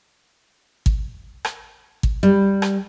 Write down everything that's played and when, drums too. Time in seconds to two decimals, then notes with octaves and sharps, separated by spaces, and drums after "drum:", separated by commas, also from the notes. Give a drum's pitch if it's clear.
0.86 drum: kick
1.45 drum: rim click
2.03 drum: kick
2.23 G3
2.62 drum: rim click